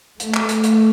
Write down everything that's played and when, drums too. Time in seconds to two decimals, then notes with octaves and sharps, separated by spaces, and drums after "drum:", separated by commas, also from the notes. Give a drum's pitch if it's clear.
0.20 A3, drum: hi-hat
0.34 drum: clap
0.49 drum: hi-hat
0.64 drum: hi-hat